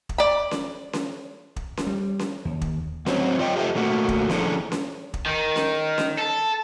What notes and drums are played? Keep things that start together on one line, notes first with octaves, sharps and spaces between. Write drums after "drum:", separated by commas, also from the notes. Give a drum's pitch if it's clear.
drum: kick
D5 B5
drum: snare C#4
drum: snare C#4
drum: kick
drum: snare C#4
G3
drum: snare C#4
D#2
drum: kick
F#3 C4 C5 C#5, drum: snare C#4
F4 D5 D#5 G5
F4 G4 A4 C5 E5
A#2 A3 A#3 F#4
drum: kick
F3 C#4 D4 E4 G#4 A4, drum: snare C#4
drum: snare C#4
drum: kick
D#3
drum: snare C#4
drum: snare C#4
A4